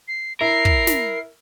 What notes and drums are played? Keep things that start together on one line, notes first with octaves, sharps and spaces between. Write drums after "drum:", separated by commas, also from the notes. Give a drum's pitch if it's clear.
C7
E4 A#4 C7
drum: kick
drum: snare